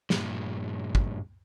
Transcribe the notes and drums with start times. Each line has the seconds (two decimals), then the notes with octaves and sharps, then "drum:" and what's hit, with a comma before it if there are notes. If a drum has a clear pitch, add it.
0.10 G2 A#2, drum: snare
0.95 drum: kick